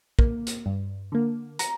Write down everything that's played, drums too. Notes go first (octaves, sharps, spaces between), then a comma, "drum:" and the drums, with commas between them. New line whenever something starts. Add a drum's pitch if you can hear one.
A#3, drum: kick
drum: hi-hat
G2
D3 A#3
A#5, drum: hi-hat